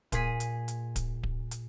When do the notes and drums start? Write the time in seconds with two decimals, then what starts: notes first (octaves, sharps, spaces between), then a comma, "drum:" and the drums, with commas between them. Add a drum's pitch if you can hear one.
0.12 A#2 G#4 B6 D#7, drum: kick D1, hi-hat
0.40 drum: hi-hat
0.68 drum: hi-hat
0.96 drum: kick D1, hi-hat
1.23 drum: kick D1
1.51 drum: hi-hat